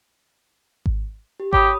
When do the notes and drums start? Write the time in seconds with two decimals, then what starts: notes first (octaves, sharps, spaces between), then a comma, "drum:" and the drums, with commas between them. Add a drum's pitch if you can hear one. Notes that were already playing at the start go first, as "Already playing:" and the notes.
0.86 drum: kick G#1
1.40 G4
1.53 G4 C#5 B5 D#6, drum: kick G#1